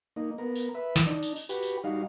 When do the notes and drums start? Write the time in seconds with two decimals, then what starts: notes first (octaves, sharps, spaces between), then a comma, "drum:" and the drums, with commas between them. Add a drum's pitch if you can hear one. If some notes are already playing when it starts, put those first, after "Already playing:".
0.16 A#3 D#4
0.38 B3 A#4
0.56 drum: tambourine
0.75 B4 E5
0.96 drum: snare
1.06 D4 D#4
1.23 drum: tambourine
1.36 drum: tambourine
1.49 F#4 G4 B4, drum: tambourine
1.63 drum: tambourine
1.84 G3 D#4 F#4 F5